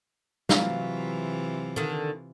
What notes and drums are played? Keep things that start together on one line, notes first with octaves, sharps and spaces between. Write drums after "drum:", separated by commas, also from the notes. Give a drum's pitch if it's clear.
C3 E3 F#3 F4 F5, drum: snare
D3 D#3